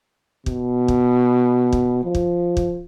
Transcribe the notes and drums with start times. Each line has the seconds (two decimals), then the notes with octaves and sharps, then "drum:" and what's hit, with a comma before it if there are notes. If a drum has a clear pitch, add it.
0.46 B2, drum: kick
0.88 drum: kick
1.73 drum: kick
2.04 F3
2.15 drum: kick
2.57 drum: kick